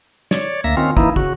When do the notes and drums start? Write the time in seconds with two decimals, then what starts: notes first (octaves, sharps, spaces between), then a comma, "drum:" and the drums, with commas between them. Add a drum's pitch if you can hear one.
0.31 C#5 D5, drum: snare
0.64 D2 A#3 E5 A#6
0.77 D#3 C4 C#4 F4
0.97 E3 A#3 D#4 E4, drum: kick
1.16 C#3 F#4, drum: kick